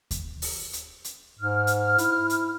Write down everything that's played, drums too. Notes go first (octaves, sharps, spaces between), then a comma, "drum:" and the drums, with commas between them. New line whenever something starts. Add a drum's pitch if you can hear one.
drum: kick D#2, hi-hat
drum: open hi-hat
drum: hi-hat
drum: hi-hat
G#2 F6
drum: hi-hat
E4, drum: hi-hat
drum: hi-hat